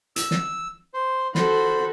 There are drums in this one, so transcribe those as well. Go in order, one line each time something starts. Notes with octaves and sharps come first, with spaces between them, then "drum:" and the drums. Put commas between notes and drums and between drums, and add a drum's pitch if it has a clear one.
E6, drum: hi-hat
drum: snare
C5
F#4 A4 C5 B5, drum: snare